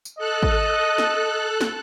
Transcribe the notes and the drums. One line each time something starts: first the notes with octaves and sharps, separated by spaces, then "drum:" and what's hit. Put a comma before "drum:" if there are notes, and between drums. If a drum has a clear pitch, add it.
drum: tambourine
A4 D#5 F#6
drum: kick G#1
drum: snare
drum: snare